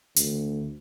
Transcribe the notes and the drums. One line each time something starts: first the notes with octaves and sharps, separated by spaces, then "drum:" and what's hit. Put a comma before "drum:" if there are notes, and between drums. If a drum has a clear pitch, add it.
D2, drum: hi-hat